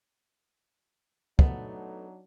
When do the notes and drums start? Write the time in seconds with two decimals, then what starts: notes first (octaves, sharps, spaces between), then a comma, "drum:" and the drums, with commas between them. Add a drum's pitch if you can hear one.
1.39 F#3 A3 B3 D4 D#4, drum: kick